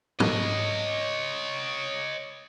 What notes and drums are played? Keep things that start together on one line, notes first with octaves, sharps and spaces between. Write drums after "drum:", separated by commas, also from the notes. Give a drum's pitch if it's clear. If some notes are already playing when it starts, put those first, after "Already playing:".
C#5 D#5, drum: tom